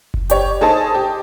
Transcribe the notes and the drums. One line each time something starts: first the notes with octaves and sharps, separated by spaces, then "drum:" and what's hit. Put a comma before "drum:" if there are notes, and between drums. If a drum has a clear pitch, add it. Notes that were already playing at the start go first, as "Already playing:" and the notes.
drum: kick F#1
G4 C#5, drum: hi-hat
D#4 G#4 A4 C5 A5
G4